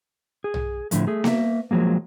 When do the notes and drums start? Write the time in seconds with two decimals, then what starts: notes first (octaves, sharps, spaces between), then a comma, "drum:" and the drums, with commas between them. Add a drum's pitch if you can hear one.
0.44 G#4
0.54 drum: tom
0.91 A2 D3 F3 A3, drum: hi-hat
1.07 A3 G#4
1.24 A#3 E5, drum: snare B3
1.71 F3 F#3 G#3 A#3